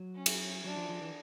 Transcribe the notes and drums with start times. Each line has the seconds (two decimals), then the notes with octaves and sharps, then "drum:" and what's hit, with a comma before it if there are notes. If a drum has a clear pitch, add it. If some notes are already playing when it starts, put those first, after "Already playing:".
Already playing: F#3
0.15 C#4
0.26 drum: cymbal
0.64 F#3 D4
0.77 F3
0.89 F3
1.01 E3